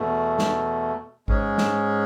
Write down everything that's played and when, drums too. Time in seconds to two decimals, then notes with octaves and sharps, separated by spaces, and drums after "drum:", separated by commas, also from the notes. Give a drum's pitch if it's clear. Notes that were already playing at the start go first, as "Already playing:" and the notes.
Already playing: E2 B2 A3
0.39 drum: snare
1.28 G#2 G#3 C#4 G#4, drum: kick A1
1.58 drum: snare